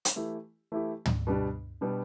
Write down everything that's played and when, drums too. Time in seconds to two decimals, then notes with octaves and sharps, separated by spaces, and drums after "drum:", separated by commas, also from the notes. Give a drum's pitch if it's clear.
0.05 drum: hi-hat
0.16 E3 A3 E4 G4
0.72 E3 A3 E4 G4
1.06 drum: tom
1.27 B2 G3 B3 D4 G4
1.81 B2 G3 B3 D4 G4